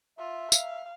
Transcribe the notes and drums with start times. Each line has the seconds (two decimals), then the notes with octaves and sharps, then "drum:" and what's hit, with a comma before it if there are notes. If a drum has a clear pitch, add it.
0.18 F4 E5
0.52 F5, drum: tambourine